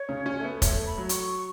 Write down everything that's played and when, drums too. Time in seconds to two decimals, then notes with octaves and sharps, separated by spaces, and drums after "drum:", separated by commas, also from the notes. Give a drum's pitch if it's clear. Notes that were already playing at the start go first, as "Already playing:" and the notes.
Already playing: C#5
0.09 C#3
0.26 C#4
0.40 A3
0.44 B3
0.57 B4
0.62 A3 C#5, drum: kick F1, hi-hat
0.86 B5
0.98 F#3
1.09 C#6, drum: hi-hat